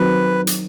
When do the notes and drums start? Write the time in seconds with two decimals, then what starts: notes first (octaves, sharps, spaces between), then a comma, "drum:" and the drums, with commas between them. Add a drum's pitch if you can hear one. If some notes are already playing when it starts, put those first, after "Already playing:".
Already playing: D#3 F#3 C4 B4
0.47 drum: hi-hat